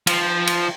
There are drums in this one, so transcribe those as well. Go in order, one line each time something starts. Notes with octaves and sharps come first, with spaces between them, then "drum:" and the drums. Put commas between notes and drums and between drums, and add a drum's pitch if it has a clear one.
F3, drum: cymbal
drum: cymbal